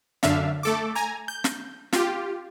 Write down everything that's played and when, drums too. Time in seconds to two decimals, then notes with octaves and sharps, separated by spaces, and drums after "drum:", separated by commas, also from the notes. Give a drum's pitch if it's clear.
0.23 F#2 D3 D4 E5 F5, drum: snare
0.63 A3 A4 D6
0.95 G#5 A#5
1.28 G6
1.44 drum: snare
1.93 F4 G4, drum: snare